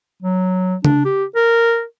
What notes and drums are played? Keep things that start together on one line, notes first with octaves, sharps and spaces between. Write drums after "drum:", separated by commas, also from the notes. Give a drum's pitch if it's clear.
F#3
D4, drum: tom C#3
G4
A#4